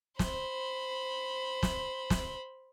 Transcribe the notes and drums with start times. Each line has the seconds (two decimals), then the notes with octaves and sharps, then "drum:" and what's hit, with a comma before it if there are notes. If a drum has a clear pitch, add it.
0.19 C5 B5, drum: snare
1.63 drum: snare
2.10 drum: snare